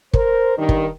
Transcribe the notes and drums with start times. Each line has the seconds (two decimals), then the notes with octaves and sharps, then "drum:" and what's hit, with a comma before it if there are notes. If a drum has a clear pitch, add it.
0.13 A#4 C5, drum: kick
0.57 G2 D#3
0.69 drum: kick